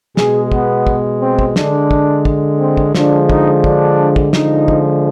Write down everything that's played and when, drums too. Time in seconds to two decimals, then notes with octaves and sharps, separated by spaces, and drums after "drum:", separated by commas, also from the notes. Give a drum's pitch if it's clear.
0.17 B2 G#3 G#4, drum: snare
0.52 B3, drum: kick
0.87 drum: kick
1.22 C4
1.39 drum: kick
1.56 D3 G#3 D4, drum: snare
1.91 drum: kick
2.25 drum: kick
2.60 C4
2.77 drum: kick
2.95 D3 F3 G#3 D4, drum: snare
3.30 D#4, drum: kick
3.64 D4, drum: kick
4.16 drum: kick
4.33 D3 F3 G#3 D#4, drum: snare
4.68 drum: kick